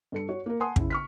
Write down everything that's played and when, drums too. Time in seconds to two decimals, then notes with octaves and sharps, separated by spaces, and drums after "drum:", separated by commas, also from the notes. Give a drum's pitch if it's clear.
0.12 G2 A4 C#7
0.28 F#4 C#5
0.46 A#3 A#4
0.60 F#5 G#5 A5 C6 D#6
0.76 C#3 E4, drum: kick
0.90 C#6 F6 B6